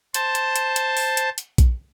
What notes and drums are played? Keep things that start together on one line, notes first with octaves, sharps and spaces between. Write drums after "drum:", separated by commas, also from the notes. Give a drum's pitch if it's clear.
C5 A5, drum: hi-hat
drum: hi-hat
drum: hi-hat
drum: hi-hat
drum: open hi-hat
drum: hi-hat
drum: hi-hat
drum: kick A#1, hi-hat